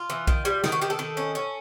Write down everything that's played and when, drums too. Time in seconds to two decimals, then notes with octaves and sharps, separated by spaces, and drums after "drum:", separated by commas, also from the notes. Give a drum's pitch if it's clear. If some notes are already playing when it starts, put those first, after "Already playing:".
Already playing: F4
0.10 E3
0.27 D#3, drum: kick B1
0.45 G3
0.64 D#3, drum: snare
0.72 F#4
0.82 D#3 G4
0.90 A4
0.99 D#3
1.17 C#4
1.35 C#4